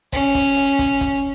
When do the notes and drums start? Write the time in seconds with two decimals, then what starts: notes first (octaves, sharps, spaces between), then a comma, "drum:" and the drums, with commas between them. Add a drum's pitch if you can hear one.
0.13 C#4, drum: kick, hi-hat
0.35 drum: kick, hi-hat
0.57 drum: hi-hat
0.79 drum: kick, hi-hat
1.01 drum: kick, hi-hat